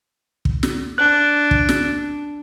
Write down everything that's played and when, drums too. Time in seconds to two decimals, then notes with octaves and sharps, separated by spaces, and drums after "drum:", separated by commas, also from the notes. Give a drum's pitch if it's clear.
0.45 drum: kick
0.63 drum: snare
0.98 D4 F#6
1.51 drum: kick
1.69 drum: snare